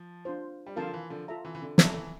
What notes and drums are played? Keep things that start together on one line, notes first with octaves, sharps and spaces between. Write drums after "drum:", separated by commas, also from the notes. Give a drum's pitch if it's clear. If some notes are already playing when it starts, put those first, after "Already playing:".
Already playing: F3
D4 F4 C5
G3
D3 F3 F4 A#4 F5 A5
E3
D3 F3
F4 A4 E5 A#5
E3
E3
D3
E3 A4 E5 A#5, drum: snare
D3
E3